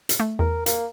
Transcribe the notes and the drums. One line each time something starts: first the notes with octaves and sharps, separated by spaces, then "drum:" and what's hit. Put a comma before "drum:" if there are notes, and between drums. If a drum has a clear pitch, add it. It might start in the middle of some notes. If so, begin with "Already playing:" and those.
drum: hi-hat
A3
E2 A#4
A#3, drum: hi-hat